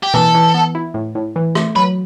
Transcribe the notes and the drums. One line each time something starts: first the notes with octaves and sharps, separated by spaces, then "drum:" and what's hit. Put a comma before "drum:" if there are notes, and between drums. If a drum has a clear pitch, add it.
G4
E3 A4, drum: tom B2
E3
B3
E4
A2
A2
E3
A3, drum: rim click
F#3 B4